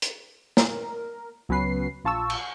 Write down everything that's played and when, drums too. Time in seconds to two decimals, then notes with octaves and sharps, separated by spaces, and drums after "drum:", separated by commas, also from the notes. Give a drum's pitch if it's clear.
0.02 drum: hi-hat
0.57 A#4, drum: snare
1.49 C#2 F#3 B3 C#4 B4 C7
2.04 A#1 F4 A5 C#6 E6
2.30 drum: cymbal